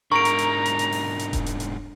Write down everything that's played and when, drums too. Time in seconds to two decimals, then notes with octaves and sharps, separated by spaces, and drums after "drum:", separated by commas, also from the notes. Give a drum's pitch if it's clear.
0.12 G#2 D3 A#4 A#5 C#6 D7
0.25 drum: hi-hat
0.39 drum: hi-hat
0.65 drum: hi-hat
0.79 drum: hi-hat
0.92 drum: open hi-hat
1.19 drum: hi-hat
1.33 drum: kick E1, hi-hat
1.46 drum: hi-hat
1.60 drum: hi-hat